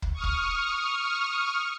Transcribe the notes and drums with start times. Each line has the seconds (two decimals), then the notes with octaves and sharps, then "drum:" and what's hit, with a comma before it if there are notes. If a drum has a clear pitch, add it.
0.02 drum: kick
0.13 C#6 D#6 F6
0.23 drum: kick